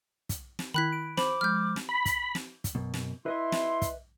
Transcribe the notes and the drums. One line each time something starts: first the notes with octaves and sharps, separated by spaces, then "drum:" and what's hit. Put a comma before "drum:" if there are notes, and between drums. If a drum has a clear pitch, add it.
drum: kick, hi-hat
drum: snare
D#3 E4 B5 F#6 B6
D7
C5 B5 D6, drum: snare
F3 G#3 F6 G6
drum: snare
B5
drum: kick, hi-hat
drum: snare
drum: kick, hi-hat
F#2 B2
drum: snare
E4 B4 D#5 E5 C6
drum: snare
drum: kick, hi-hat